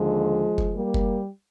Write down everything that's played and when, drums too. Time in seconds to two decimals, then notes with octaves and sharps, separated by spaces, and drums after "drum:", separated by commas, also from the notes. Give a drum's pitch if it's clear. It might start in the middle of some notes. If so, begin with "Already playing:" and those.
Already playing: D#2 D3 F3 G#3
0.58 drum: kick F#1
0.74 G3 A#3
0.94 drum: kick F#1